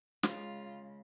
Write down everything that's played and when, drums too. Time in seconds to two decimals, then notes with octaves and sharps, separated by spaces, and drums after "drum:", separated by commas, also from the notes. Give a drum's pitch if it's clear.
0.23 C#3 G#3 F4, drum: snare